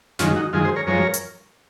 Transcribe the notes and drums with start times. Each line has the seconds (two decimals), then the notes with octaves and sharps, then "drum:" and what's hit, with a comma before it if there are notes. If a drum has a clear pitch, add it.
0.19 F#2 D#3 G#3 C#4 F4, drum: snare
0.36 D#4 F#4
0.53 F#2 D#3 G#3 F4 G#4
0.65 G#4 C5
0.76 A#4 C#5
0.87 F#2 F3 G#3 A#4 C#5
1.14 drum: hi-hat